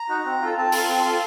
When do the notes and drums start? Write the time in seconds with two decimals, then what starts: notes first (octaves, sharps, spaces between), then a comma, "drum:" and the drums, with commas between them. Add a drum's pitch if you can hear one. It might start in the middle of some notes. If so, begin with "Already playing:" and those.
Already playing: A#5
0.09 D#4 F#4
0.26 C4
0.41 F4 A4
0.57 C4 A5
0.72 F4 A4 C6, drum: open hi-hat
0.89 C4
1.04 F4 A4